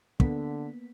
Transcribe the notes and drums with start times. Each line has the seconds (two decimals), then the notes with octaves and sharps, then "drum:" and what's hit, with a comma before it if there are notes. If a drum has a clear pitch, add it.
0.20 D3 A#3 B3 B6, drum: kick